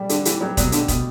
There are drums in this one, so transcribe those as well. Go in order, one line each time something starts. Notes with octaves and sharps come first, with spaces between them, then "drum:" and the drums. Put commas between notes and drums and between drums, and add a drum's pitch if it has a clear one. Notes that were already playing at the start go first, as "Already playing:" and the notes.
Already playing: G3
D3 G4, drum: hi-hat
E3 G4, drum: hi-hat
F#3 G4
B2 F#3, drum: kick, hi-hat
D3 A3, drum: hi-hat
B2, drum: kick, hi-hat